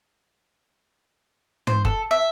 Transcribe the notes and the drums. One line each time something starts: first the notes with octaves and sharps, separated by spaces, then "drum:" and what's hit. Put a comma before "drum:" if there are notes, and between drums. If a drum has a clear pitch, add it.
C5, drum: tom
A4, drum: kick F#1
E5